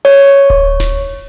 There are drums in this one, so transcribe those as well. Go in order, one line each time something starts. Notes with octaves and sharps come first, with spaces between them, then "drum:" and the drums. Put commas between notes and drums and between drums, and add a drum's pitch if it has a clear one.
C#5
drum: kick D1
drum: snare D#1